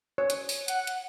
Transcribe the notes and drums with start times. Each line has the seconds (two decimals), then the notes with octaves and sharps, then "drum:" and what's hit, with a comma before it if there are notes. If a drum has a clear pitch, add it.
0.18 C#5
0.30 drum: hi-hat
0.49 drum: open hi-hat
0.68 F#5, drum: hi-hat
0.87 drum: hi-hat